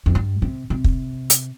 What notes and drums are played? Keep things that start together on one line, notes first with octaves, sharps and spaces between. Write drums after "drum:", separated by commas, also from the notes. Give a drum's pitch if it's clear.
F2
G2
C3
C3
drum: kick
drum: hi-hat